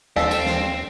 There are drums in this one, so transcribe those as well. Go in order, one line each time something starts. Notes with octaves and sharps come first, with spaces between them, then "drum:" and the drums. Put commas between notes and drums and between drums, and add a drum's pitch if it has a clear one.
D#2 C4 A4 F5, drum: snare
drum: cymbal
drum: snare